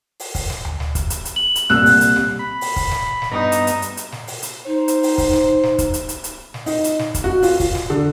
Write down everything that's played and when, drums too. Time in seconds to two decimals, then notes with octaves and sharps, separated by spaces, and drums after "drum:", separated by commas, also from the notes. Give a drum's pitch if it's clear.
0.20 drum: open hi-hat
0.35 drum: kick, open hi-hat
0.50 drum: snare
0.65 drum: tom D2
0.80 drum: snare
0.95 drum: kick, hi-hat
1.10 drum: hi-hat
1.25 drum: hi-hat
1.36 F#7
1.55 drum: hi-hat
1.70 C2 A#2 E6 F#6, drum: snare
1.86 drum: open hi-hat
2.01 drum: hi-hat
2.16 drum: snare
2.39 B5
2.61 drum: open hi-hat
2.76 drum: kick, open hi-hat
2.91 drum: snare
3.22 drum: snare
3.32 G2 B3 D#4 A#5
3.52 drum: hi-hat
3.67 drum: hi-hat
3.82 drum: hi-hat
3.97 drum: hi-hat
4.12 drum: snare
4.27 drum: open hi-hat
4.43 drum: hi-hat
4.66 D#4 C5
4.88 drum: hi-hat
5.03 drum: open hi-hat
5.18 drum: kick, open hi-hat
5.33 drum: snare
5.63 drum: snare
5.78 drum: kick, hi-hat
5.94 drum: hi-hat
6.09 drum: hi-hat
6.24 drum: hi-hat
6.54 drum: snare
6.66 D#4, drum: open hi-hat
6.84 drum: hi-hat
6.99 drum: snare
7.14 drum: kick, hi-hat
7.24 F#4
7.43 F4, drum: open hi-hat
7.60 drum: kick, open hi-hat
7.75 drum: snare
7.90 D3